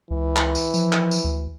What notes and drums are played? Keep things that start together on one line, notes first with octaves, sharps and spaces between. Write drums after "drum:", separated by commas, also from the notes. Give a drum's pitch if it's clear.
C#2 E3
drum: clap
drum: tambourine
F3, drum: tambourine
drum: clap
drum: tambourine
D2